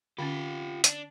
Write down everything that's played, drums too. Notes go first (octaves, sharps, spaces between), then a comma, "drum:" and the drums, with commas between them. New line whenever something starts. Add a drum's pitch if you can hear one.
D3 C#4 F4 G4
D4, drum: hi-hat